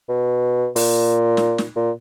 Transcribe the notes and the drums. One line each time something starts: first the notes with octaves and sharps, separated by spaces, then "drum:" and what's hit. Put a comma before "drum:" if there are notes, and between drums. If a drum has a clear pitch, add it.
B2
A#2, drum: open hi-hat
drum: snare
drum: snare
A#2